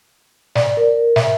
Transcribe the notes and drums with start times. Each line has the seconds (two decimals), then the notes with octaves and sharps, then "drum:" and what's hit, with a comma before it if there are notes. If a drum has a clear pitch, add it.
0.55 D5, drum: snare
0.77 A#4
1.16 E5, drum: snare